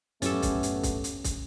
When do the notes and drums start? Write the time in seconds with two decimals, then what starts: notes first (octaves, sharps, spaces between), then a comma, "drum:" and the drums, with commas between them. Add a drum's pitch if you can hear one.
0.22 F#2 A2 F#3 A3 B3 C#4 G4 A4, drum: hi-hat
0.42 drum: kick, hi-hat
0.63 drum: hi-hat
0.83 drum: kick, hi-hat
1.04 drum: hi-hat
1.24 drum: kick, hi-hat